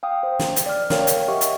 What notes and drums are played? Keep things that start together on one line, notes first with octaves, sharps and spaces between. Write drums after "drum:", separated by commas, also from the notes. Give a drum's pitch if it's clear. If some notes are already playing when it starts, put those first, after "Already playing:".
F5 G5 D#6
C5
drum: snare
drum: hi-hat
D5 F6
A#4 C#5 F5 G5, drum: snare
drum: hi-hat
G4 D#5 E5 F#5 C#6
drum: hi-hat